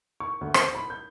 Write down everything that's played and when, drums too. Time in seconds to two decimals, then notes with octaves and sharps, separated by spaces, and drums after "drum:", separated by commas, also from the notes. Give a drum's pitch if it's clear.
0.20 C#6
0.41 D2
0.54 C5, drum: rim click
0.75 B5
0.90 G6